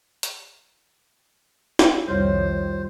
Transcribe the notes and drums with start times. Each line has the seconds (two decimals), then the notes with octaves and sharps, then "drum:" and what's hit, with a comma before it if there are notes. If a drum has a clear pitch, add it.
0.23 drum: hi-hat
1.79 drum: snare
2.07 C2 F2 D#3 G3 F4 F#4 C5 C#5